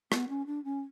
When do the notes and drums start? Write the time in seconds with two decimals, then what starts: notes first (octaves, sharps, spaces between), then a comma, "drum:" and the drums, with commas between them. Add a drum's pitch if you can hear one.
0.12 B3, drum: rim click
0.29 C#4
0.47 D4
0.64 C#4